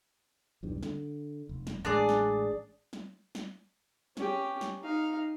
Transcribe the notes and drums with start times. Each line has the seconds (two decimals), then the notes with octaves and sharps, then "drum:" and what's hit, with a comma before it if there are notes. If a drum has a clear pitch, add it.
0.63 B1 E2 G2
0.83 D3, drum: snare
1.49 F1
1.67 drum: snare
1.85 A1 G#3 D4 G#4 D5
2.09 drum: snare
2.93 drum: snare
3.35 drum: snare
4.17 C#4 G4, drum: snare
4.61 drum: snare
4.83 D#4 F5